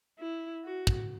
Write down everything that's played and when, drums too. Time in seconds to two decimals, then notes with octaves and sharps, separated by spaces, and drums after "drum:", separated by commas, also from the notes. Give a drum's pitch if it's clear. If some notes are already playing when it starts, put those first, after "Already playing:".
0.19 E4
0.64 F#4
0.87 drum: kick